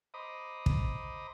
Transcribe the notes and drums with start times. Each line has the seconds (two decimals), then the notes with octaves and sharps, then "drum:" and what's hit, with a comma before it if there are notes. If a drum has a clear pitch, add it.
0.14 C5 D#5 A#5 B5 D6 D#6
0.66 drum: kick